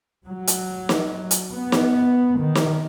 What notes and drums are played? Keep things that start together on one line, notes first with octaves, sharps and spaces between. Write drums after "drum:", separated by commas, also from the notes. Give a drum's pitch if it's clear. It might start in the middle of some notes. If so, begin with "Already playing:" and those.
F#3
drum: hi-hat
drum: snare
drum: hi-hat
B3
drum: snare
D#3
drum: snare